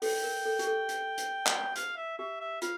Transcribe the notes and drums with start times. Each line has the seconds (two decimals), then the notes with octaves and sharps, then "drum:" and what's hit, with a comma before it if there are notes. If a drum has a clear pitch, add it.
0.02 A4 G5, drum: open hi-hat
0.23 A#4
0.46 A4
0.59 G4, drum: hi-hat
0.67 A4
0.89 drum: hi-hat
1.18 drum: hi-hat
1.46 drum: clap
1.76 F5, drum: hi-hat
1.96 E5
2.18 G4 E5
2.40 E5
2.62 F4 F5, drum: hi-hat